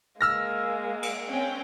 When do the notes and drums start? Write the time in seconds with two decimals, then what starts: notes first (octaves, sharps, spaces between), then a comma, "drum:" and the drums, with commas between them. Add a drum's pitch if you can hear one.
0.21 G#3 A#3 E6 F6 A#6
1.03 drum: cymbal
1.31 C4 C#4 G5